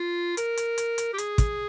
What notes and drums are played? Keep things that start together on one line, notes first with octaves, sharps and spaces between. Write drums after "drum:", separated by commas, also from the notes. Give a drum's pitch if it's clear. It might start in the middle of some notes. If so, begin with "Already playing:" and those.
Already playing: F4
A#4, drum: hi-hat
drum: hi-hat
drum: hi-hat
drum: hi-hat
G4
G#4, drum: hi-hat
drum: kick, hi-hat